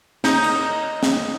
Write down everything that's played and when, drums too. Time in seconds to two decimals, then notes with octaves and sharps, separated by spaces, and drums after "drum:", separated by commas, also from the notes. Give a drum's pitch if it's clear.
0.24 D#4, drum: snare
0.44 drum: cymbal
1.03 drum: snare